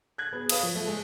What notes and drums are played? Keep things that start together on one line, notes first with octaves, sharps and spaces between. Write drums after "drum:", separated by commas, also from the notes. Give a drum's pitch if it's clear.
F#6 G#6
B3 G#4
B4 C#5 F5 D#6, drum: cymbal
F3
A3
G#3